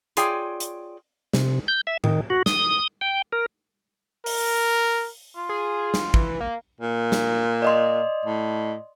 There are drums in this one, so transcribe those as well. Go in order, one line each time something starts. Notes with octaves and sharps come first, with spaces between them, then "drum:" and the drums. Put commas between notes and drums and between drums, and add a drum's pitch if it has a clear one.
F4 G#4 C#5 D5 G5, drum: hi-hat
drum: hi-hat
C3, drum: snare
G6
E5
D#3, drum: tom A2
F#4
D#6, drum: snare
G5
A#4
A#4, drum: open hi-hat
F4
G#4
drum: snare
E3, drum: kick
A#3
A#2
drum: snare
D5 D#5 C6
A2